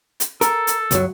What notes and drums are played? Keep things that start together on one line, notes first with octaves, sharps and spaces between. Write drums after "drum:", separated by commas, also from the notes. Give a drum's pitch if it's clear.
drum: hi-hat
A4 A#4, drum: hi-hat
drum: hi-hat
C#2 F#2 F#3, drum: hi-hat